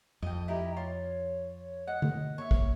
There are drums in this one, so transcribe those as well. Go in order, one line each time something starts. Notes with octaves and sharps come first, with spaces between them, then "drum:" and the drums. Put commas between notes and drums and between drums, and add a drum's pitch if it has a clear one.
F2 D#5 G5
E4 G4 A#4 D#5
F4 C#5
D#5 F#5
drum: tom D3
A#3 C#5 E5
drum: kick